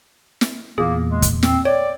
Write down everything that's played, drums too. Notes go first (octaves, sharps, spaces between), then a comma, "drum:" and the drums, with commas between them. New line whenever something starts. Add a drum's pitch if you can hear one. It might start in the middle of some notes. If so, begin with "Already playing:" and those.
drum: snare
E2 A#2 A#3 G#4
G#3
drum: kick, hi-hat
C4, drum: snare
C#5 D5 G5